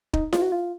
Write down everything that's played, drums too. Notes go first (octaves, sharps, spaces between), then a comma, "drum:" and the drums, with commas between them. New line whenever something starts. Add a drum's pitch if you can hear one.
D#4, drum: kick
F4, drum: snare E4
F#4
F4